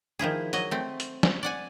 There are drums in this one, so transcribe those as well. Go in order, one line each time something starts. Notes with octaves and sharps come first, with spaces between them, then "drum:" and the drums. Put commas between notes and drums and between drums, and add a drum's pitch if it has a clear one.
D#3 F3 E4 G#4
F#3 D#5, drum: hi-hat
A3 C4
drum: hi-hat
drum: snare
D5 F#5 G#5